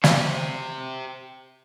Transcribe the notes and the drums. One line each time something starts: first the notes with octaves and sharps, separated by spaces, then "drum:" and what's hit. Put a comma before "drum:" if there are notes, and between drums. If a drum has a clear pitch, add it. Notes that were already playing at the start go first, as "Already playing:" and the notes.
G4 C5, drum: snare